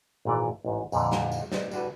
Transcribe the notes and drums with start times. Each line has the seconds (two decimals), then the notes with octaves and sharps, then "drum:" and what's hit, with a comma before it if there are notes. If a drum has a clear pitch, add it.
0.25 G#1 A#2 E3 D5
0.65 A1 G#2
0.92 F2 A#2 D3, drum: tambourine
1.12 drum: snare
1.32 drum: tambourine
1.52 C4 B4 D5 D#5, drum: snare
1.71 G3 D4 F#4 A4 B4, drum: tambourine